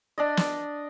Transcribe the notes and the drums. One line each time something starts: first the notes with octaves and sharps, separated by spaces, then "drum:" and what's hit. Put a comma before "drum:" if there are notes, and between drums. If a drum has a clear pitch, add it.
D4 D5 D#5
drum: snare